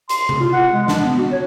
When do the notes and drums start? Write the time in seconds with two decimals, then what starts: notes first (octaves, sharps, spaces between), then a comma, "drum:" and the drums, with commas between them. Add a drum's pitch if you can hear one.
0.09 C6, drum: hi-hat
0.29 drum: tom C3
0.40 F4
0.53 F#5
0.73 G#3
0.88 D4, drum: snare
1.05 B3
1.17 F#4
1.31 C#5